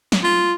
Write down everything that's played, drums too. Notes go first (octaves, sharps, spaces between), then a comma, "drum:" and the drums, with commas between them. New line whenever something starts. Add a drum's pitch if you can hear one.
drum: snare
F4